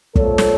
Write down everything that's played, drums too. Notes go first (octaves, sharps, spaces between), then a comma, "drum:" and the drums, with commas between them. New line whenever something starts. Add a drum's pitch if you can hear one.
A#2 F3 A3 A4 C#5, drum: kick
drum: snare